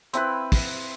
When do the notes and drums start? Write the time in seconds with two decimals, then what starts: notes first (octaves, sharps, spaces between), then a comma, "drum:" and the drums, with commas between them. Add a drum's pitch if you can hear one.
0.13 C4 E4 B4, drum: hi-hat
0.52 drum: kick, open hi-hat